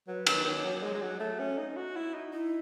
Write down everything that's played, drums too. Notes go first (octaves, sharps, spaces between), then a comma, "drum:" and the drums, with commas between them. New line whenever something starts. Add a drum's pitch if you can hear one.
F#3 B4
D#3, drum: cymbal
D#3 C#5
F#3
G#3
G#3
F#3
A3
C#4
D#4
F#4
E4
D#4
D#4 E4